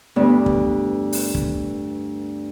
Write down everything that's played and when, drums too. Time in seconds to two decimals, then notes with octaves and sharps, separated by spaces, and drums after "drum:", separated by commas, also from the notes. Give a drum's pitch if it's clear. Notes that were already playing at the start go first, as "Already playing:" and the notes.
0.16 D2 G2 B3
0.46 drum: kick
1.13 drum: open hi-hat
1.35 drum: kick